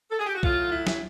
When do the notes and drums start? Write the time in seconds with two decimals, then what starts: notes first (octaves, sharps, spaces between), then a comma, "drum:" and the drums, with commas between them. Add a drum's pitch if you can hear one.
0.11 A4
0.19 G#4
0.26 G4
0.35 F#4
0.43 A2 F#3 F4, drum: kick A#1
0.72 E4
0.87 drum: snare